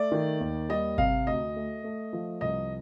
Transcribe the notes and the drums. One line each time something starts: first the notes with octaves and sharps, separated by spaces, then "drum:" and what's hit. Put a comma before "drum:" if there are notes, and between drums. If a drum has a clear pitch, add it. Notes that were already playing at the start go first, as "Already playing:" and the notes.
Already playing: A3 D5
D#3
D#2
G3 D#5
C3 F5, drum: kick G#1
D2 D#5
A3
A3
F3
C2 D#5